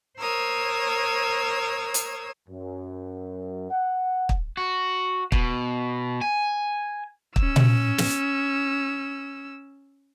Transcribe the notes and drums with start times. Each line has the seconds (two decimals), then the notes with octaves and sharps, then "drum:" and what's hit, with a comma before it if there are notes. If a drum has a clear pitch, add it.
0.19 A#4 C5 C#5 D#6 E6
1.94 drum: hi-hat
2.49 F#2
3.71 F#5
4.29 drum: kick
4.57 F#4
5.32 B2, drum: kick
6.21 G#5
7.36 C#4 E6, drum: kick
7.56 drum: tom A#2
7.98 drum: snare